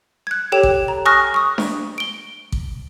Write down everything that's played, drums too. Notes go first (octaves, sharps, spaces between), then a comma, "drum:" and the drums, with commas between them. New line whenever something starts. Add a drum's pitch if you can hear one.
F#6 G#6
G4 A4 C#5 G5 E7
drum: kick A1
A#5
G#5 C#6 D#6 F6 F#6 A#6
C#6 D#6
drum: snare D4
D7 G7
drum: kick A1